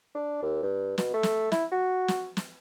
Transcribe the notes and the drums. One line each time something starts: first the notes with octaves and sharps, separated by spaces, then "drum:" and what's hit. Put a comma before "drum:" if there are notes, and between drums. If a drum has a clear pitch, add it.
D4
D#2
G2
B2, drum: snare
A3
drum: snare
E4, drum: snare
F#4
drum: snare
drum: snare